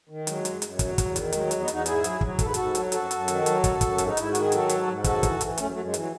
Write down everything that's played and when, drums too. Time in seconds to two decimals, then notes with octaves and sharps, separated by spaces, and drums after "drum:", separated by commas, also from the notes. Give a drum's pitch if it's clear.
0.09 D#3
0.27 F#3 G#3, drum: hi-hat
0.45 F#2, drum: hi-hat
0.62 F#2, drum: hi-hat
0.79 E2 F#3, drum: kick, hi-hat
0.98 E2, drum: kick, hi-hat
1.16 D#3, drum: hi-hat
1.33 F#3 G#3, drum: hi-hat
1.46 G#3
1.51 E2, drum: hi-hat
1.60 B3 D#4
1.68 E2, drum: hi-hat
1.73 D#4 F#4
1.86 G#2 E4 G#4, drum: hi-hat
2.04 F#3, drum: hi-hat
2.21 F#3, drum: kick
2.39 G#2 A4, drum: kick, hi-hat
2.46 B4
2.54 G#2 F#4 A4, drum: hi-hat
2.75 F#3, drum: hi-hat
2.92 F#2 F#4 A4, drum: hi-hat
3.11 F#2, drum: hi-hat
3.28 D#3, drum: hi-hat
3.46 F#3, drum: hi-hat
3.64 F#2, drum: kick, hi-hat
3.81 F#2, drum: kick, hi-hat
3.98 G#2, drum: hi-hat
4.07 D#4
4.17 G#2 E4, drum: hi-hat
4.29 F#4
4.35 D#3, drum: hi-hat
4.41 G#4
4.52 F#3 F#4 A4, drum: hi-hat
4.69 G#2, drum: hi-hat
4.87 G#2
5.04 F#2 F#4 A4, drum: kick, hi-hat
5.23 E3, drum: kick, hi-hat
5.41 E3, drum: hi-hat
5.58 F#2 A3 C#4, drum: hi-hat
5.72 F#2 F#3 A3
5.85 G#3
5.94 E3 F#3, drum: hi-hat